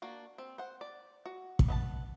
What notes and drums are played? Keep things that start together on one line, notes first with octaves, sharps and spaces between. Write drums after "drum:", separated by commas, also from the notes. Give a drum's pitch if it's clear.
A#3 D4 F#4
C4
C5 F#5
D5
F#4
drum: kick
B3 D#5 A5